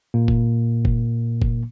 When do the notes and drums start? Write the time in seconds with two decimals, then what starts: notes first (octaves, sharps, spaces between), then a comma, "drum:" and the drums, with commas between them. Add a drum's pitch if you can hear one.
0.14 A#2 A#3
0.28 drum: kick F#1
0.85 drum: kick F#1
1.42 drum: kick F#1